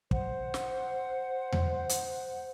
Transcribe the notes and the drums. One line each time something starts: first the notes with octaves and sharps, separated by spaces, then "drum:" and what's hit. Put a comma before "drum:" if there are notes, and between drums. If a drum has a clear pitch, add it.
C5 F#5, drum: kick
drum: snare
drum: tom E2
drum: hi-hat